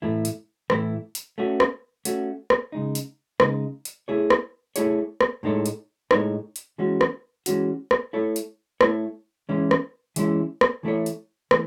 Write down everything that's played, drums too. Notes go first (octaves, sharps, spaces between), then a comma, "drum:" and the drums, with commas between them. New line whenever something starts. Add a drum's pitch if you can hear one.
A2 E3 A3 E4
drum: hi-hat
A2 E3 A3 E4, drum: rim click
drum: hi-hat
A3 C#4 F#4
drum: rim click
A3 C#4 F#4, drum: hi-hat
drum: rim click
C#3 G#3 D#4
drum: hi-hat
C#3 G#3 D#4, drum: rim click
drum: hi-hat
A3 E4 G#4 C#5
drum: rim click
A3 E4 G#4 C#5, drum: hi-hat
drum: rim click
A2 G#3 D#4 A4 C#5
drum: hi-hat
A2 G#3 D#4 A4 C#5, drum: rim click
drum: hi-hat
E3 G#3 C#4 F#4
drum: rim click
E3 G#3 C#4 F#4, drum: hi-hat
drum: rim click
A3 E4 A4 C#5
drum: hi-hat
A3 E4 A4 C#5, drum: rim click
E3 G#3 C#4 E4
drum: rim click
E3 G#3 C#4 E4, drum: hi-hat
drum: rim click
E3 A3 E4 A4 C#5
drum: hi-hat
E3 A3, drum: rim click